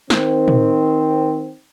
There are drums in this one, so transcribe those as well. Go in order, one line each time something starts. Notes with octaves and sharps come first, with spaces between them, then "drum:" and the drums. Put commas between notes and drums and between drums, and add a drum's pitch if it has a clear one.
D#3 C4, drum: snare
drum: tom